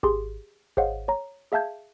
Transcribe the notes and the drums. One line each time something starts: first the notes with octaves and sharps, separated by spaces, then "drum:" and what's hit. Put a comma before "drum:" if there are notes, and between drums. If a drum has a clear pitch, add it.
G4 G#4 C6, drum: kick G#1
G#4 C5 C#5 D#5 F5 F#5, drum: kick G#1
C#5 A#5
G#4 E5 F5 A5 G6 G#6